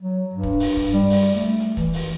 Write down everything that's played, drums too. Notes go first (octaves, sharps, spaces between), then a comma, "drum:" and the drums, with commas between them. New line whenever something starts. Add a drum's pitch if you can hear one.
F#3
G2
drum: kick
drum: open hi-hat
drum: kick, hi-hat
G3, drum: hi-hat
drum: open hi-hat
A3
drum: hi-hat
E3, drum: kick, hi-hat
drum: open hi-hat